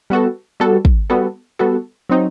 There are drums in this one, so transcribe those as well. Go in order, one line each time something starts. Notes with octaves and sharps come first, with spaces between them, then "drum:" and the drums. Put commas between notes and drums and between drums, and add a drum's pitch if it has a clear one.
G3 B3 F#4 A4
G3 B3 F#4 A4
drum: kick
G3 B3 F#4 A4
G3 B3 F#4 A4
F#3 C4 D#4